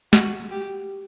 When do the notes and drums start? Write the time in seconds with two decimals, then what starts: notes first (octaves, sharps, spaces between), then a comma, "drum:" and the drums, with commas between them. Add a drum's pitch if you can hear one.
0.13 F#4, drum: snare
0.51 G4